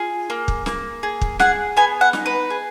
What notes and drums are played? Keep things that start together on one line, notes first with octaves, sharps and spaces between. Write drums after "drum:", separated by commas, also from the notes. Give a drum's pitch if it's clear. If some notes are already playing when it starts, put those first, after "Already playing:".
Already playing: F4 G#4
A#3
drum: kick
A#3, drum: snare
G#4
drum: kick
G#4 F#5, drum: snare
B3 G#5
F#5
D#4, drum: snare
B4
G#4